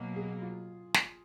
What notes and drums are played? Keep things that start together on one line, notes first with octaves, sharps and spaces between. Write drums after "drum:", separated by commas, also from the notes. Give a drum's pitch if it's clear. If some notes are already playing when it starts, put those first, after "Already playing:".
Already playing: B2 F#3 A#3
G#4
F4
drum: snare